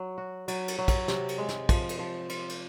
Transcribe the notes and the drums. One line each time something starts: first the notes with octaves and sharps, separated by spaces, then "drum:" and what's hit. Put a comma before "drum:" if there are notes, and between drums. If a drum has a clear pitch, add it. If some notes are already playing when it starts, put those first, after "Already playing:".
Already playing: F#3
F#4
F#3, drum: cymbal
drum: cymbal
F#3
drum: kick, cymbal
C3, drum: snare
drum: cymbal
G#3
drum: snare
F3, drum: kick, cymbal
drum: cymbal
F3
F4, drum: cymbal
drum: cymbal